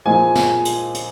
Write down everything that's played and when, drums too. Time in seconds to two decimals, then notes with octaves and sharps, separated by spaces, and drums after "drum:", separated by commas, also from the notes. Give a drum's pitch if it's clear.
0.05 A#2 F3 G#3 G#5
0.35 drum: snare
0.65 drum: hi-hat
0.94 drum: hi-hat